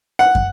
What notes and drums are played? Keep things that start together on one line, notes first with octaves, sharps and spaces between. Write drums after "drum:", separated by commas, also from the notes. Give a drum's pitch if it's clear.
F#5
drum: kick